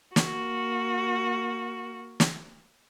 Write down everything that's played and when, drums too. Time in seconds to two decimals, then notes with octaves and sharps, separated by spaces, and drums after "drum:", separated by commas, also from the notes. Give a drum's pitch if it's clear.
0.16 A#3 F#4, drum: snare
2.20 drum: snare